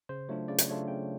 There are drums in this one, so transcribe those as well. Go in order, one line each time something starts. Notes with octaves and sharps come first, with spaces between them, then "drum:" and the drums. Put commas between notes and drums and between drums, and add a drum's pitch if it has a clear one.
C#3 C5
F#3 A3 D4 F4 C#5
C#3 D5
drum: hi-hat
F#3 A3 D4 F4 C#5
C#3 G5